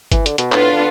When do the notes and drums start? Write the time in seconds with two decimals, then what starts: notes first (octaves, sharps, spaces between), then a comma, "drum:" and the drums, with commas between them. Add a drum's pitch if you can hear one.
0.12 E3, drum: kick G1, hi-hat
0.26 D3, drum: hi-hat
0.38 B2, drum: hi-hat
0.52 A2 B3 D4 F4 B4, drum: clap
0.73 D3